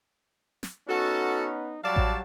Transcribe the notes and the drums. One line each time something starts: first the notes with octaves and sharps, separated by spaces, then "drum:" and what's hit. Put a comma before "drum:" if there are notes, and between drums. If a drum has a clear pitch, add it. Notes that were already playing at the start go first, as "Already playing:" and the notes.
drum: snare
B3 C#4 D#4 F#4 A4
F#3 G3 D5 F5 A5
drum: kick A1